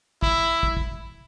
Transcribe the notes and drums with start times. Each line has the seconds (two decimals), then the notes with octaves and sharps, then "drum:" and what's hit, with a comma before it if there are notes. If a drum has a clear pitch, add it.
0.22 E4, drum: kick
0.63 drum: kick
0.77 drum: kick